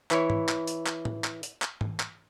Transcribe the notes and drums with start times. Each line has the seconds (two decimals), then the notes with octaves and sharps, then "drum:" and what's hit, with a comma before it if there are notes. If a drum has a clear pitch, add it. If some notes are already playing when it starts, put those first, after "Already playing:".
0.11 E3 E4 C#5, drum: clap
0.30 drum: tom
0.49 drum: clap
0.67 drum: hi-hat
0.86 drum: clap
1.05 drum: tom A2
1.24 drum: clap
1.43 drum: hi-hat
1.62 drum: clap
1.81 drum: tom
2.00 drum: clap